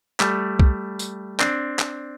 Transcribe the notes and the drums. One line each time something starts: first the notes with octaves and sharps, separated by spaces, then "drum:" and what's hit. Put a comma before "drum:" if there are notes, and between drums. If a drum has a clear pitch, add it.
G3 A3, drum: clap
drum: kick
drum: tambourine
C4 D4, drum: clap
drum: clap